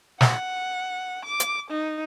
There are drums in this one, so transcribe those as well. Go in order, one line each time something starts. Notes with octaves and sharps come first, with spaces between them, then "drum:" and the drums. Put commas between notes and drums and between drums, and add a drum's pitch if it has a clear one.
F#5, drum: snare
D6
drum: hi-hat
D#4